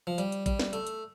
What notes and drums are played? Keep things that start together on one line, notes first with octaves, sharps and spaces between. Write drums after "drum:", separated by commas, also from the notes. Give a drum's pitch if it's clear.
F3
G3, drum: hi-hat
drum: hi-hat
G3, drum: kick A1, hi-hat
drum: snare
A3, drum: hi-hat
drum: hi-hat